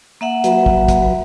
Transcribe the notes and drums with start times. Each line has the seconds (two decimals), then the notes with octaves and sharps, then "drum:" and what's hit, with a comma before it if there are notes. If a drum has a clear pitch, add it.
0.21 A#3 E5 F#5
0.44 F#3 F#4 B4, drum: hi-hat
0.66 drum: kick
0.88 drum: kick, hi-hat